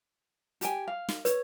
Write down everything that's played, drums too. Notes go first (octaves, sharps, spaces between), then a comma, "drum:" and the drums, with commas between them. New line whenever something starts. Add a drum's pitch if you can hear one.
G4 G5 G#5, drum: hi-hat
F5
drum: snare
B4 C#5, drum: hi-hat